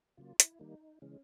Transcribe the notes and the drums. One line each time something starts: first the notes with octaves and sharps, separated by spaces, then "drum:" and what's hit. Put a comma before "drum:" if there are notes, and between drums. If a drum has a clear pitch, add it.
C#3 F#3 A#3 F4
E4, drum: hi-hat
D#3 G3 A#3 D#4
C#3 E3 G#3 C#4